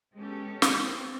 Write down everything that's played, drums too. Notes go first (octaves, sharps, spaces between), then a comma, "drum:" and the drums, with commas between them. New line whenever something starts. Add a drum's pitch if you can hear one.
G#3 B3 C#4 G4 A4
B3 C4, drum: snare